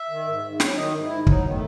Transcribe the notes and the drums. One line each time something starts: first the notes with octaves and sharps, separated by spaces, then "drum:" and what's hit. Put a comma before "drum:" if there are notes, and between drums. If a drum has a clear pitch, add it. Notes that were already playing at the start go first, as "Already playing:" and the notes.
Already playing: E5
D#3
G#2
G#2
F#3, drum: snare
D#3 D#5
G#2
E4
G#2
F#3 D#4, drum: kick
D#3 B3
A3